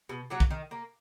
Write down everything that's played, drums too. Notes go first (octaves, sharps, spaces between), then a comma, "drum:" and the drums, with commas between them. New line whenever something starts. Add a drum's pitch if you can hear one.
B2
F#3 A#3
drum: kick
D#3
A#3